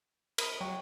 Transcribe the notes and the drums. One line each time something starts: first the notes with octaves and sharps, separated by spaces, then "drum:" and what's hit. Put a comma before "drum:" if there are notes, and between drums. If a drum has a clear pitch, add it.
A#4 B5 D#6, drum: cymbal
F#3 C#5 G5 C#6